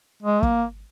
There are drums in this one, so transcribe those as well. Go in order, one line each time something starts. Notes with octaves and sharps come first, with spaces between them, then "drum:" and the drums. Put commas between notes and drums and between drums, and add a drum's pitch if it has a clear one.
G#3
A#3, drum: kick